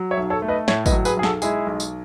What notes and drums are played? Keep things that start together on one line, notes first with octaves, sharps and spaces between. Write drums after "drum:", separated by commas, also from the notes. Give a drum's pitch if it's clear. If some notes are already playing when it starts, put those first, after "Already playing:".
Already playing: F#3
C#5 E5
B1
A4 C#5
A3
B4 D#5
A2 C#5 E5, drum: snare
B4 D#5, drum: kick, tambourine
F#3
G#4 B4, drum: tambourine
B1 G#4
F#4 A4, drum: snare
G#3 E4 G#4, drum: tambourine
B1
drum: tambourine